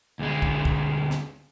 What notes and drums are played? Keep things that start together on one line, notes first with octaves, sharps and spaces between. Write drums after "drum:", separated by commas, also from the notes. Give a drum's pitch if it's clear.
D2 G#3
drum: kick
drum: kick
drum: snare